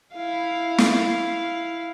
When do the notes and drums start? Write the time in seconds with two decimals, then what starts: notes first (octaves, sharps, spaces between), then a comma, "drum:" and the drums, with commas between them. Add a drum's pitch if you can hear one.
0.16 E4 F5
0.78 drum: snare